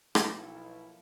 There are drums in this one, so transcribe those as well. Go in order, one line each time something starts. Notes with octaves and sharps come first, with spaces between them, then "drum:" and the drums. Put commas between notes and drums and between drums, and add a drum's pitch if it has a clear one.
B1 F3 A#3 E4 A4, drum: rim click